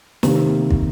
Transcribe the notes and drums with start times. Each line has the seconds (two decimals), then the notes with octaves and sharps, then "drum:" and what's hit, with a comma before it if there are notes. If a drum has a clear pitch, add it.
0.23 C3 D#3 A#3, drum: snare
0.71 drum: kick